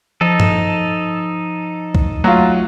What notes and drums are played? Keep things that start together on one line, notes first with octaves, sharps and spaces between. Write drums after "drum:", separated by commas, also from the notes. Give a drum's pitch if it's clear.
F3 D#4 A4
drum: tom
drum: kick
F#3 A3 F4